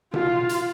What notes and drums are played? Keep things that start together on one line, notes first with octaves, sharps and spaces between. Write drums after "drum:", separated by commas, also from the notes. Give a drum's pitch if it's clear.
F4, drum: tom B2
drum: hi-hat